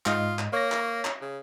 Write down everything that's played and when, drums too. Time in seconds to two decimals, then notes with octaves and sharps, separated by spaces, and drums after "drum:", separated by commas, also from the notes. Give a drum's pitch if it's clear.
0.06 G#2 F4 D#5, drum: clap
0.39 drum: clap
0.53 A#3 C#5 A#6
0.72 drum: clap
1.05 drum: clap
1.21 C#3